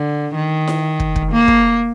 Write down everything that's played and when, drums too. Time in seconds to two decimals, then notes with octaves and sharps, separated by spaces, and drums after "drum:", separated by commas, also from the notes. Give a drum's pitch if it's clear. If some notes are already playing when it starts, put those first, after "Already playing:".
Already playing: D3
0.35 D#3
0.67 drum: snare E4
1.00 drum: kick
1.16 drum: kick
1.32 A#3
1.48 drum: kick